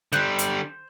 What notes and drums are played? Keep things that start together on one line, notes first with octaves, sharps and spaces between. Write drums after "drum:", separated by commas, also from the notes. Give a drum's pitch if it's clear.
D3 G3 C5 F#6, drum: snare
drum: hi-hat